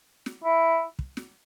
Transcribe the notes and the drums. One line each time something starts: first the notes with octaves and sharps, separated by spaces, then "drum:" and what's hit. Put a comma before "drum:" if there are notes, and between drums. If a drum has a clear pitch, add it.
drum: snare
E4
drum: kick
drum: snare